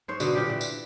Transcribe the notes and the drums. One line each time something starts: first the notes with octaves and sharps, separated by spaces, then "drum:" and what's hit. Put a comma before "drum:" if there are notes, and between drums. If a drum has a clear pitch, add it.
G#2 C5 C#5
B2 D3, drum: tambourine
A#2 D3 G4
E3
drum: tambourine